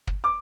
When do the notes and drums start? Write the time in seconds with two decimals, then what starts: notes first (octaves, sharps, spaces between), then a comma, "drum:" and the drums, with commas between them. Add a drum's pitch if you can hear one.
0.07 drum: kick
0.24 D6